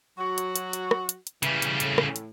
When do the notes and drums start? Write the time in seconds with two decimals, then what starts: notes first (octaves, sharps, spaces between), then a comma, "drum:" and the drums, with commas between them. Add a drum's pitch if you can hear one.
0.18 F#3 F#4
0.38 drum: hi-hat
0.56 drum: hi-hat
0.73 drum: hi-hat
0.91 drum: rim click
1.09 drum: hi-hat
1.27 drum: hi-hat
1.43 C#3 E3 G3, drum: hi-hat
1.62 drum: hi-hat
1.80 A2, drum: hi-hat
1.98 drum: rim click
2.16 drum: hi-hat